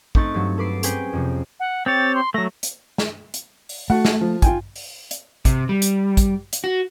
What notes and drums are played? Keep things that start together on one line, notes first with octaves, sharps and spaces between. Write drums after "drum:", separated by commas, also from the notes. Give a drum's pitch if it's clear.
A3 C4 D#4 C#6 F#6 A6, drum: kick
G2 F#3
A4 B4 D6 C7
C4 C#4 G#4 B4 C5 G5, drum: hi-hat
F2 C3
F#5
C4 G4 C#5 A6
C6
F#3 A3 A#6
drum: hi-hat
drum: snare
drum: hi-hat
drum: open hi-hat
A3 F#4 F#5
drum: snare
F3
F4 G5 G#5, drum: kick, hi-hat
drum: open hi-hat
drum: hi-hat
C3, drum: kick, hi-hat
G3
drum: hi-hat
drum: kick, hi-hat
drum: hi-hat
F#4